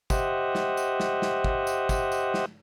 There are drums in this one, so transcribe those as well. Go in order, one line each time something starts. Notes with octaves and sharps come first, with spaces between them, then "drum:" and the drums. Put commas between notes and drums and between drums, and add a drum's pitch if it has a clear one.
G4 C5 D#5 E5 F#5, drum: kick, tambourine
drum: snare
drum: tambourine
drum: snare
drum: snare
drum: kick
drum: tambourine
drum: kick, tambourine
drum: tambourine
drum: snare